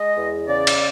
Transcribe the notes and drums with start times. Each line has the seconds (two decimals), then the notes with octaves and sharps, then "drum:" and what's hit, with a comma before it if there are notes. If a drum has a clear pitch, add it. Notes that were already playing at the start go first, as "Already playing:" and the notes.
Already playing: G#3 D#5
0.16 E2
0.47 C#3 D5
0.67 drum: cymbal